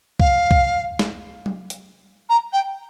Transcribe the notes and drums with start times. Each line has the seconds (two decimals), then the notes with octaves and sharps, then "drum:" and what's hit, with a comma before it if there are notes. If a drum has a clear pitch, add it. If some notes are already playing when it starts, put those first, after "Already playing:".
0.20 F5, drum: kick C2
0.51 drum: kick C2
0.99 drum: snare
1.46 drum: tom F#3
1.70 drum: hi-hat
2.29 A#5
2.52 G5